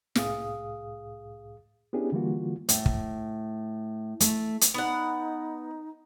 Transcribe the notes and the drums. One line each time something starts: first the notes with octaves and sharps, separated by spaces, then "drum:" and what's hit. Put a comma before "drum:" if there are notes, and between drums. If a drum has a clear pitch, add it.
C2 A2 G#4 F5 D#6, drum: snare
B3 C#4 D4 E4 G4 G#4
D3 E3 G3 A#3 F4 F#4
A2, drum: hi-hat
drum: kick
A3, drum: hi-hat
drum: hi-hat
B3 D#4 F#5